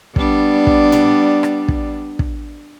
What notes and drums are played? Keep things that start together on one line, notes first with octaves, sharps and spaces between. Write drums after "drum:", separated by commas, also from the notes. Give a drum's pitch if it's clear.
G3 B3 D4, drum: kick
drum: kick
drum: tom A2
drum: rim click
drum: kick
drum: kick